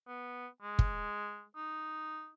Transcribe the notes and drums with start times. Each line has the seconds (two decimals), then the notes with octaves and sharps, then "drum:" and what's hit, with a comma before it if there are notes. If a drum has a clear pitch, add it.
0.07 B3
0.62 G#3
0.79 drum: kick
1.56 D#4